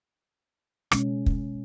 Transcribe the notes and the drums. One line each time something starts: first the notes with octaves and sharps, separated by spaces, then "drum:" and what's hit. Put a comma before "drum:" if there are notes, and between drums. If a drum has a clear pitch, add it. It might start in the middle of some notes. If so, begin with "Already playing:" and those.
B2 G#3 C#4, drum: rim click
drum: kick